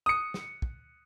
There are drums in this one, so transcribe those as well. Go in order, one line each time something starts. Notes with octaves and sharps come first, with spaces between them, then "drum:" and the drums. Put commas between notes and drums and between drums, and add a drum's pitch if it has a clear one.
D#6 C#7
drum: snare
drum: kick